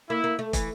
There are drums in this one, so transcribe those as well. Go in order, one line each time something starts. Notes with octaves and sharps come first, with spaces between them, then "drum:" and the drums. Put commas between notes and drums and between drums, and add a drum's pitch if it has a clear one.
A#3 E4
A#3
A3
E3, drum: kick, hi-hat